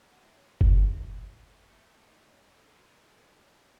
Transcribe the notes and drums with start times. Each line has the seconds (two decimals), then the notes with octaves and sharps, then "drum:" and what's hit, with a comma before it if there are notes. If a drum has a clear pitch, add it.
0.12 G#3 F#4 F#5
0.24 E4 E5
0.36 C#4 C#5
0.61 D#4 D#5, drum: kick F#1
0.77 F#4 F#5
0.93 E4 E5
1.58 A3
2.07 D#4 D#5
2.32 C#4 C#5
2.51 A3
2.55 G#3 A4
2.68 G#4
2.76 F#4
2.80 G#4
2.92 G#4
3.04 A4
3.16 B4
3.29 D#4 D#5
3.41 C#4 C#5